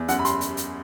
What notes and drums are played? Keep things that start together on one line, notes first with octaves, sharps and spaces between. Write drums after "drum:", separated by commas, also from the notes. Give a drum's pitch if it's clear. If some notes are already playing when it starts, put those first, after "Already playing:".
Already playing: E2
F#2 F#5, drum: hi-hat
B5
C6, drum: hi-hat
drum: hi-hat
drum: hi-hat